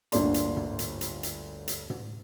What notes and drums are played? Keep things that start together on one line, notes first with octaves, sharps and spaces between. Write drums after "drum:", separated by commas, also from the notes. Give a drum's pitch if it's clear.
G1 D2 D3 A#3 D5 C6, drum: hi-hat
drum: hi-hat
drum: tom
drum: hi-hat
drum: hi-hat
drum: hi-hat
drum: hi-hat
drum: tom